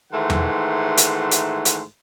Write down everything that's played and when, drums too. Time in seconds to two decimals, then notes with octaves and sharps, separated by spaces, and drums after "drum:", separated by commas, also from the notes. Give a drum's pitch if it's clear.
0.13 G#2 D#3 E3 A3 F#5 C6
0.30 drum: tom E2
0.97 drum: hi-hat
1.31 drum: hi-hat
1.65 drum: hi-hat